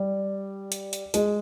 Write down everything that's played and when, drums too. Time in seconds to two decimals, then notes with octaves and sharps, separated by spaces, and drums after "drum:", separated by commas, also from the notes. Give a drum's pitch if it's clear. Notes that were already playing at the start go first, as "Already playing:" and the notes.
Already playing: G3
0.72 drum: hi-hat
0.93 drum: hi-hat
1.14 G#3, drum: hi-hat